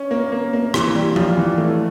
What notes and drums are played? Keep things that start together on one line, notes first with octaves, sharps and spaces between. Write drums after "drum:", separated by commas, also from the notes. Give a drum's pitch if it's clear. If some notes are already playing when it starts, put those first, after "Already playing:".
Already playing: C#4
A#3
A#3
A#3
E3, drum: rim click
G3
F4, drum: tom F3
E3
A3